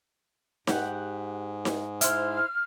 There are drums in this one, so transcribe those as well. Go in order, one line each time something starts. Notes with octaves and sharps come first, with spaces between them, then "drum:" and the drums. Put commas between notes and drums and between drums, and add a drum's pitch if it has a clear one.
G#2 G4 F#5, drum: snare D#4
drum: snare D#4
E4 C5 F6, drum: hi-hat